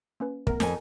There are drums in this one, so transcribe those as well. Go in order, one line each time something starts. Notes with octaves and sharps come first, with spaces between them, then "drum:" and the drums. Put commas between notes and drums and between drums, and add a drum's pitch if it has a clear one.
A#3 C#4 B4
A3 B3 A#4, drum: kick
F2 G#5 A5, drum: snare